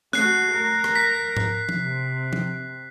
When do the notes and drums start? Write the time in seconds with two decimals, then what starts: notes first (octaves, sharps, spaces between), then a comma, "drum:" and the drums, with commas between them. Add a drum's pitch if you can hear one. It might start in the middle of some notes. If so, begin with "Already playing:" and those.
0.13 A3 F#4 F#6 C7, drum: snare
0.50 A#4
0.84 drum: rim click
0.95 B6
1.37 drum: tom G#2
1.69 C3, drum: tom F3
2.33 drum: tom F3